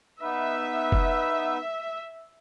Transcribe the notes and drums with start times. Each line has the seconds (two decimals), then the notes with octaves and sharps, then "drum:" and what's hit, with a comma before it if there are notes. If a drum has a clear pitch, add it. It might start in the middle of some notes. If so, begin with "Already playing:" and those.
0.22 B3 D#4 B4 E5
0.92 drum: kick